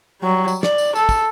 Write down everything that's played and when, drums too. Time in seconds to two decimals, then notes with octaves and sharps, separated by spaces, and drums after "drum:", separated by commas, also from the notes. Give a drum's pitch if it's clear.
0.21 F#3 G3
0.48 drum: tambourine
0.63 D5, drum: snare
0.78 drum: tambourine
0.95 A4, drum: tambourine
1.09 drum: kick, tambourine